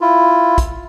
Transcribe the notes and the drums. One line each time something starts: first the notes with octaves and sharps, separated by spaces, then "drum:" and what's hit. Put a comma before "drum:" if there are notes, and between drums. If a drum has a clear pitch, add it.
E4 F4
drum: kick, hi-hat